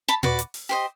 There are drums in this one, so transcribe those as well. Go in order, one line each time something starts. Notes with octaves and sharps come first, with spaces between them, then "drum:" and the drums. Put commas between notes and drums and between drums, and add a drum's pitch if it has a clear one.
A5 B5
F#4 B4 D5, drum: tom A#2
drum: hi-hat
drum: open hi-hat
G4 C5 D#5